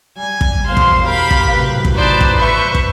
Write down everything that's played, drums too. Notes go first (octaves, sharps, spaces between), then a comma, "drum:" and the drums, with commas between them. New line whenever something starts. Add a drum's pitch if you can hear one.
G3 G#5
drum: kick
A#1 E2 B2 C5 F5 C6
drum: kick
G4 A#4 F5 B5
drum: kick
A2 C3 F#3 B4
drum: kick
D#4 B4 C5 D5 A5
drum: kick
C5 E5 C#6
drum: kick